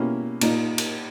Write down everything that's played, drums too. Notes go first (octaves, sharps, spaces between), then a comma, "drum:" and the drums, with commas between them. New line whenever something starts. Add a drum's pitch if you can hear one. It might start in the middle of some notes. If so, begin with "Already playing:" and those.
Already playing: B2 A#3 C#4 E4 G4
A#2 A#3 D#4, drum: cymbal
drum: cymbal